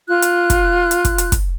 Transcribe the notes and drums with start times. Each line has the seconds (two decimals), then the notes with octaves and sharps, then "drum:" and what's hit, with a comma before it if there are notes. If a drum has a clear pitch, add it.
0.09 F4 F#6
0.22 drum: hi-hat
0.50 drum: kick, hi-hat
0.91 drum: hi-hat
1.05 drum: kick, hi-hat
1.18 drum: hi-hat
1.32 drum: kick, hi-hat